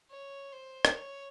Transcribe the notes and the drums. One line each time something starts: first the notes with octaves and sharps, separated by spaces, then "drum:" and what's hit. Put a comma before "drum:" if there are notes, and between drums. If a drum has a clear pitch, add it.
C#5
C5
drum: rim click
C#5